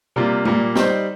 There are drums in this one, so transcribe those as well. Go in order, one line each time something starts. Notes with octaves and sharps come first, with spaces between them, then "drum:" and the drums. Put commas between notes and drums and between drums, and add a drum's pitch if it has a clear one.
C3 G3 A#3 F4
A#2 G3 A#3, drum: tom G#3
G3 D#4 C5, drum: snare